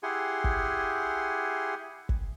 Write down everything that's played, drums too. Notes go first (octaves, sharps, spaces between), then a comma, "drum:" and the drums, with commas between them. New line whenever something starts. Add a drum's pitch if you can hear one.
E4 G4 G#4 F#5 G#5 C6
drum: kick
drum: kick